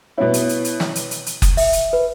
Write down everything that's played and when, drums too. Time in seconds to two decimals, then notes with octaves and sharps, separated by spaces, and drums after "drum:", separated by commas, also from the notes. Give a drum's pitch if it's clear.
0.18 B2 B3 E4 C#5
0.34 drum: hi-hat
0.49 drum: hi-hat
0.65 drum: hi-hat
0.80 drum: snare
0.96 drum: hi-hat
1.11 drum: hi-hat
1.26 drum: hi-hat
1.42 drum: kick F#1, hi-hat
1.57 E5, drum: open hi-hat
1.73 drum: hi-hat
1.93 B4